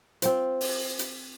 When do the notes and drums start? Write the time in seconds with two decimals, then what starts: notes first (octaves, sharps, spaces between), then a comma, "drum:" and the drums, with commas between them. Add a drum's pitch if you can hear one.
0.22 C4 F4 C5, drum: hi-hat
0.61 drum: open hi-hat
0.99 drum: hi-hat